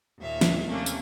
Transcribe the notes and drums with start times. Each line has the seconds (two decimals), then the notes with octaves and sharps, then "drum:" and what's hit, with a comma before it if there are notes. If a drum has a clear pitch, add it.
0.19 D#2 A#2 E5 F5
0.41 drum: snare
0.69 D#2 C3 A3 A#3 C#4 D4
0.86 drum: tambourine